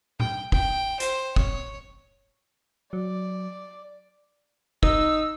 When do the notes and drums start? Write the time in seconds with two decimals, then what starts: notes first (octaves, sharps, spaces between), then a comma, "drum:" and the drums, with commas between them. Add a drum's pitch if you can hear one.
0.20 G5, drum: tom A#2
0.52 G5, drum: kick
1.00 C5, drum: hi-hat
1.36 C#5, drum: kick
2.93 F#3 D5
4.83 D#4 E6, drum: kick